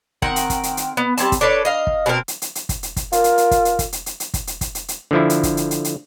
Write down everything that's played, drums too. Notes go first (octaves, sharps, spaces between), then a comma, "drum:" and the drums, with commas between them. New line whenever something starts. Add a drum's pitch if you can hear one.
D#3 C4 A#4 F#5, drum: kick
drum: hi-hat
drum: kick, hi-hat
drum: hi-hat
drum: hi-hat
B3
G3 A#3 C4 A5, drum: hi-hat
drum: kick, hi-hat
D4 A4 B4 C#5
D#5 F5
drum: kick
B2 C4 G#4 A#4
drum: hi-hat
drum: hi-hat
drum: hi-hat
drum: kick, hi-hat
drum: hi-hat
drum: kick, hi-hat
F4 A#4, drum: hi-hat
drum: hi-hat
drum: hi-hat
drum: kick, hi-hat
drum: hi-hat
drum: kick, hi-hat
drum: hi-hat
drum: hi-hat
drum: hi-hat
drum: kick, hi-hat
drum: hi-hat
drum: kick, hi-hat
drum: hi-hat
drum: hi-hat
D3 F3 E4
drum: hi-hat
drum: kick, hi-hat
drum: hi-hat
drum: hi-hat
drum: hi-hat